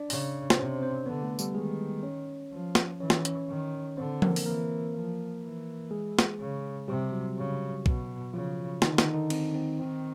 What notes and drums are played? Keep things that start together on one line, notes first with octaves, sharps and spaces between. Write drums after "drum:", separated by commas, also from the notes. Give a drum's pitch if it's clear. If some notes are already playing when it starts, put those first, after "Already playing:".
Already playing: D4 D5
C#3, drum: open hi-hat
C5, drum: snare
C3 C#4 C#5
C4 C5
D3 B3 B4
A3 A4
G3 G4, drum: tambourine
D#3 G#3 G#4
C#4 C#5
F3
drum: snare
E3 C#4 C#5
drum: snare
C#4 C#5, drum: hi-hat
D#3
D3 C4 C5
A#3 A#4, drum: tom F3
drum: open hi-hat
E3 A#3 A#4
F3
E3
G#3 G#4
drum: snare
C#3
C3 G3 G4
F#3 F#4
C#3
B2, drum: kick B1
C#3 F3 F4
D3 D#3 D#4, drum: snare
D#3 D#4, drum: snare
D#3 D#4
C4, drum: cymbal
C4
D#3 C4